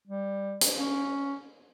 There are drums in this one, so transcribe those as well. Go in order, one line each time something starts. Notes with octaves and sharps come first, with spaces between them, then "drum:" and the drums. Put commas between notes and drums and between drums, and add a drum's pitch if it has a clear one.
G3
drum: hi-hat
C#4